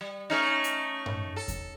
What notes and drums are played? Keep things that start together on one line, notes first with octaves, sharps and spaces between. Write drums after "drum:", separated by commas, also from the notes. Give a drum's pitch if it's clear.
G3
A3 C#4 D#4
drum: hi-hat
drum: tom G2
A4
drum: kick E2, hi-hat